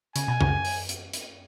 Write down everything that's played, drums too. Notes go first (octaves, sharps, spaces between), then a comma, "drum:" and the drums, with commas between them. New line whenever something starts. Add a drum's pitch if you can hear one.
C#3 G#5, drum: hi-hat
B2
C#2 C#3, drum: tom F#2
drum: open hi-hat
drum: hi-hat
drum: hi-hat